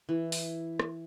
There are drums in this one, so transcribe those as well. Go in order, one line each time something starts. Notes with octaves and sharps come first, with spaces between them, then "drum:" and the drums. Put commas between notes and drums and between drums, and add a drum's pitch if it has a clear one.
E3
drum: open hi-hat
drum: rim click